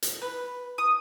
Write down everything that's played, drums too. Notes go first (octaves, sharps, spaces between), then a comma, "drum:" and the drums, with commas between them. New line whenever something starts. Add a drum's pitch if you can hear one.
drum: hi-hat
B4
D#6